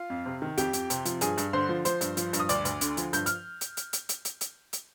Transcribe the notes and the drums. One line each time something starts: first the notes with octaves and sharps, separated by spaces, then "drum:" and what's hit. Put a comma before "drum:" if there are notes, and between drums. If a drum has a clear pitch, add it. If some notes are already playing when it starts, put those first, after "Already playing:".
Already playing: F4 F5
F2
C3
D#3
F2 G4 G5, drum: hi-hat
F2, drum: hi-hat
C3, drum: hi-hat
F3, drum: hi-hat
G2 G#4 G#5, drum: hi-hat
G2, drum: hi-hat
D3 C5 C6
F3
F3 C5 C6, drum: hi-hat
G2, drum: hi-hat
F3, drum: hi-hat
G2, drum: hi-hat
D#6
D2 D5 D6, drum: hi-hat
D2, drum: hi-hat
D3, drum: hi-hat
F3, drum: hi-hat
G2 G6, drum: hi-hat
F6, drum: hi-hat
drum: hi-hat
drum: hi-hat
drum: hi-hat
drum: hi-hat
drum: hi-hat
drum: hi-hat
drum: hi-hat